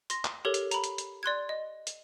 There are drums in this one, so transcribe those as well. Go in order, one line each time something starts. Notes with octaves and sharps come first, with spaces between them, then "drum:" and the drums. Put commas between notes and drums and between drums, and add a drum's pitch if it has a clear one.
C6 A#6, drum: hi-hat
drum: clap
G4 A4 A#4 C#5
drum: hi-hat
A#5 B5, drum: hi-hat
drum: hi-hat
drum: hi-hat
D5 C6 F#6 G#6
D#5
drum: hi-hat